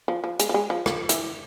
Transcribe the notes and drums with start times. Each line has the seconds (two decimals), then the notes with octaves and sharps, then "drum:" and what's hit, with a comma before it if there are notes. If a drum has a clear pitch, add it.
0.08 F3
0.24 F3
0.40 G#3, drum: hi-hat
0.49 F3
0.54 G#3
0.70 F3
0.86 F3, drum: rim click
1.09 E3, drum: hi-hat